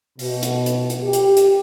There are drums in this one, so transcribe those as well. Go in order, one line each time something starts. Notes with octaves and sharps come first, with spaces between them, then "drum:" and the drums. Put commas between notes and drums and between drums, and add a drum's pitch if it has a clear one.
B2, drum: open hi-hat
drum: hi-hat
drum: hi-hat
drum: hi-hat
G4
drum: hi-hat
drum: hi-hat